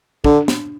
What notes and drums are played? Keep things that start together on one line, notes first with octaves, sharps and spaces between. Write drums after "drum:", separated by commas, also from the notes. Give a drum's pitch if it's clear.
D3 D4, drum: kick
drum: snare